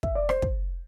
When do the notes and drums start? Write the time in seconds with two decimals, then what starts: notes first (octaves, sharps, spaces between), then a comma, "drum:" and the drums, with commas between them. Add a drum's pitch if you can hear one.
0.03 E5, drum: kick
0.15 D5
0.29 C5, drum: rim click
0.42 drum: kick